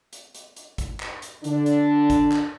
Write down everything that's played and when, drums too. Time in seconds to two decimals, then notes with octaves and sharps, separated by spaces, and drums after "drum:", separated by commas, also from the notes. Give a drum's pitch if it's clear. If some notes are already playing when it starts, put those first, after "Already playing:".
0.13 drum: hi-hat
0.35 drum: hi-hat
0.56 drum: hi-hat
0.78 drum: kick, hi-hat
1.00 drum: clap
1.22 drum: hi-hat
1.44 D3 D4, drum: hi-hat
1.66 drum: hi-hat
2.10 drum: kick, hi-hat
2.32 drum: clap